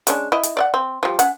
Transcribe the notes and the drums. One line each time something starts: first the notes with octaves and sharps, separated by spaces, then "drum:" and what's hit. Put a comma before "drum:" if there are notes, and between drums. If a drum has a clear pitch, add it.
G#3 C#4 D4, drum: hi-hat
E4 D#5
drum: hi-hat
D5 E5 F#5
C4
F3 G3
C#4 F#5, drum: hi-hat